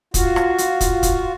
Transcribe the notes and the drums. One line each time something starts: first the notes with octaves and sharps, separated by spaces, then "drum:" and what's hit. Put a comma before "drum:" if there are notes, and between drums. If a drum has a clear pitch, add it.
F4 F#4, drum: kick, hi-hat
drum: rim click
drum: hi-hat
drum: kick, hi-hat
drum: kick, hi-hat